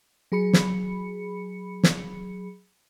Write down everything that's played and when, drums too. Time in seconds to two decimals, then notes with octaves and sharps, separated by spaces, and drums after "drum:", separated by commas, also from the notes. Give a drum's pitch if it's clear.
0.32 F#3 G#4 B5 C#7
0.53 drum: snare
1.83 drum: snare